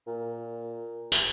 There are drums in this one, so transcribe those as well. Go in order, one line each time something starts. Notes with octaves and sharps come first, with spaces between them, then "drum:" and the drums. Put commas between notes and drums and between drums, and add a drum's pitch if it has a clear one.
A#2
drum: tambourine